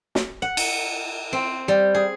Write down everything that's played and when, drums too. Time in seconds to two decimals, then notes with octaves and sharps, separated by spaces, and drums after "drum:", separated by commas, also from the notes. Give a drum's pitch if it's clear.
0.15 drum: snare
0.42 F#5
0.57 drum: cymbal
1.33 C4
1.68 G3
1.95 G#4